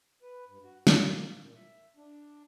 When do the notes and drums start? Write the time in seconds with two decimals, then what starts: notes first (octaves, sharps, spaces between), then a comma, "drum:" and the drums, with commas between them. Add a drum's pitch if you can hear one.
0.22 B4
0.48 G2
0.64 F#4
0.87 G#4, drum: snare
1.06 A#3
1.28 G#2
1.42 A#2
1.55 E5
1.97 D4